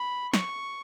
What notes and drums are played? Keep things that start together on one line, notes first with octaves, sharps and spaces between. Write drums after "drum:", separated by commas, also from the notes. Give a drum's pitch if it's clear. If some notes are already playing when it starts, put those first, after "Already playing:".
Already playing: B5
C#6, drum: snare